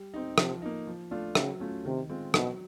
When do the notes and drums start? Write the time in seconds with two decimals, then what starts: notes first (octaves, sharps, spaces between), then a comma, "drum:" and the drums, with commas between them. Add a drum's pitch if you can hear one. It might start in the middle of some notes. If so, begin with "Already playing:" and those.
Already playing: G3
0.14 C4 D#4
0.38 C3 F3, drum: rim click
0.62 A#3 D#4
0.87 F3
1.11 A3 D4 F4
1.35 C#3 F#3, drum: rim click
1.60 A3 C#4 F4
1.85 C3 D#3
2.09 G#3 C4 F4
2.34 B2 F#3, drum: rim click